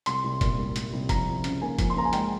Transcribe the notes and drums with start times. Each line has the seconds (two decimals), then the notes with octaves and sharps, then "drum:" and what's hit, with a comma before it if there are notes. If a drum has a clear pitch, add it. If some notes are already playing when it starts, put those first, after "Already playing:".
0.06 C2 C6, drum: hi-hat
0.24 C2
0.41 A#2, drum: kick, hi-hat
0.58 G3
0.76 G3, drum: hi-hat
0.93 C2
1.09 F3 A#5, drum: kick, hi-hat
1.27 F3
1.44 C#3, drum: hi-hat
1.62 A#3 G#5
1.79 F3, drum: kick, hi-hat
1.90 C6
1.96 A#3 A#5
2.05 G#5
2.13 G#3 G5, drum: hi-hat